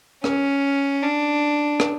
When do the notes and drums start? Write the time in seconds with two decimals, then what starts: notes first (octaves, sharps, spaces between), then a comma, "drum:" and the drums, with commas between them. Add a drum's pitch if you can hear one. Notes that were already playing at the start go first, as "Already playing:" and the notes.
0.24 C#4, drum: rim click
1.02 D4
1.80 drum: rim click